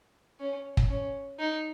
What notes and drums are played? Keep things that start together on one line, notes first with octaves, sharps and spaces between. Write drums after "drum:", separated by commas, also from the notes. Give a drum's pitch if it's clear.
C#4
drum: kick
C#4
D#4